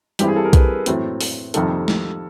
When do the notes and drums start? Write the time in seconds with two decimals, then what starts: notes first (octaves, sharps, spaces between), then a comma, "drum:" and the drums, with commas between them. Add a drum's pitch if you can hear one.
0.19 G2 E3 G3 C4 E4 G4, drum: hi-hat
0.28 G#4
0.36 A4
0.44 A#4
0.53 B4, drum: kick B1, hi-hat
0.86 A2 F#3 A3 C4, drum: hi-hat
1.21 drum: open hi-hat
1.54 F2 C3 D#3 G3 A4, drum: hi-hat
1.88 drum: snare